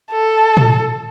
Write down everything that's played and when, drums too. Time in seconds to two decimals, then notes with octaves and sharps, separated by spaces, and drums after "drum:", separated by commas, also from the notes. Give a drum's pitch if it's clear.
0.11 A4
0.57 drum: tom